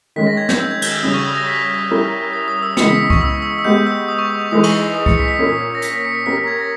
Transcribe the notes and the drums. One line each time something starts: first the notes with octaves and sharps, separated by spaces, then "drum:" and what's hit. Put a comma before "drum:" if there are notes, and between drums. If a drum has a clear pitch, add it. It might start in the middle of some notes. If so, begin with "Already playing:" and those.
D#3 G#3 C#4 B6
A#6
G#6
G6, drum: snare
E6
G#6
G6, drum: cymbal
E6
C#3 G3 C#4 D#6
C#6
D#6
A#6
B6
G3 C#4 E4 G4 A#4
D#6
D#6
E6
C#3 E3 G#3 B3 C#7, drum: snare
B6
C#6, drum: kick C2
E6
E6
E6
G#3 B3 G4 G6
E6
D#6
C#6
D#6
C#6
E3 G#3 D#4 G#4 B4 D#6
C#6, drum: cymbal
C#6
D#6
D#6
C#7, drum: kick C2
B6
B6
A#2 A#3 C#4
A#6
B6, drum: hi-hat
B6
C#7
B6
A#3 C#4 G4 A#4 B6
B6
G#6
A#6